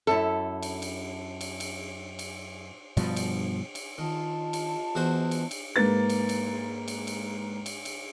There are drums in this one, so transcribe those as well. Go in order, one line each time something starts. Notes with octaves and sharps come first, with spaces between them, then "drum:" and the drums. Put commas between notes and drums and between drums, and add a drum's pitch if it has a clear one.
F#2 E4 A4
drum: cymbal
drum: cymbal
drum: cymbal
drum: cymbal
drum: cymbal
G2 B2 F3, drum: cymbal
drum: cymbal
drum: cymbal
D#3 F4 D#5 A5
drum: cymbal
E2 F#4 C5
drum: cymbal
drum: cymbal
G#2 A#3 B4 A6
drum: cymbal
drum: cymbal
drum: cymbal
drum: cymbal
drum: cymbal
drum: cymbal